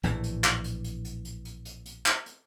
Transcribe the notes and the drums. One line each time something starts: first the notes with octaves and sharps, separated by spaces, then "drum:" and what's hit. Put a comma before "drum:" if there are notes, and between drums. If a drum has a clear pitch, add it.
A#1 A2 E3, drum: hi-hat
drum: hi-hat
drum: clap
drum: hi-hat
drum: hi-hat
drum: hi-hat
drum: hi-hat
drum: hi-hat
drum: hi-hat
drum: hi-hat
drum: clap
drum: hi-hat